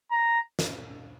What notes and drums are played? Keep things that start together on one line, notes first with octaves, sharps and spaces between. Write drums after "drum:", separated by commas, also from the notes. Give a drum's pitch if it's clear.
A#5
drum: snare